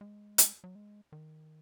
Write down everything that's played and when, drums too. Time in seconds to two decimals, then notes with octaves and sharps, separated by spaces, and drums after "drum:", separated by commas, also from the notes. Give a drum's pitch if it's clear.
0.01 G#3
0.38 drum: hi-hat
0.64 F#3
0.75 G#3
1.12 D#3